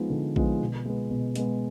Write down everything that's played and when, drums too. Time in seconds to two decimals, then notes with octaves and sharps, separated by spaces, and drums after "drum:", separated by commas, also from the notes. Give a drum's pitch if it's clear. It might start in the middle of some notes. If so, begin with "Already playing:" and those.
Already playing: F3 G#3 B3 D#4
0.10 D3
0.36 F3 G#3 B3 D#4, drum: kick A#1
0.60 B2
0.85 G#3 B3
1.11 B2
1.35 G#3 B3, drum: hi-hat